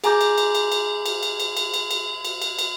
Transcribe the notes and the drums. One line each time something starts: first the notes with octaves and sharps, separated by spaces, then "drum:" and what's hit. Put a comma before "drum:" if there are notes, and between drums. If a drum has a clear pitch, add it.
G#4 G#5 A#5 D6 G6, drum: cymbal
drum: cymbal
drum: cymbal
drum: cymbal
drum: cymbal
drum: cymbal
drum: cymbal
drum: cymbal
drum: cymbal
drum: cymbal
drum: cymbal
drum: cymbal
drum: cymbal
drum: cymbal